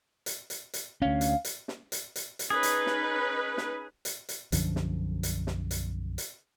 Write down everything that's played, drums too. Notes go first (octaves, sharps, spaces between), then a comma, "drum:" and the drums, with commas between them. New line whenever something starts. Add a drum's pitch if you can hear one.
drum: hi-hat
drum: hi-hat
drum: hi-hat
D2 C#4 F5
drum: hi-hat
drum: hi-hat
drum: snare
drum: hi-hat
drum: hi-hat
drum: hi-hat
C#4 D#4 G#4 B4
drum: hi-hat
drum: snare
drum: snare
drum: hi-hat
drum: hi-hat
B1 F#2 D3 F3, drum: hi-hat
drum: snare
drum: hi-hat
drum: snare
drum: hi-hat
drum: hi-hat